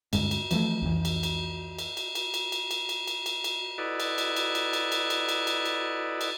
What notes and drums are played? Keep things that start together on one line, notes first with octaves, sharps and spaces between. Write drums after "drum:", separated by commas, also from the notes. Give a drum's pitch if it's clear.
D2 G2 G#3, drum: cymbal
drum: cymbal
E3 F3 G#3 A3, drum: cymbal
C2 F2 E3
drum: cymbal
drum: cymbal
drum: cymbal
drum: cymbal
drum: cymbal
drum: cymbal
drum: cymbal
drum: cymbal
drum: cymbal
drum: cymbal
drum: cymbal
drum: cymbal
E4 A4 B4 D5 D#5 F#5
drum: cymbal
drum: cymbal
drum: cymbal
drum: cymbal
drum: cymbal
drum: cymbal
drum: cymbal
drum: cymbal
drum: cymbal
drum: cymbal
drum: cymbal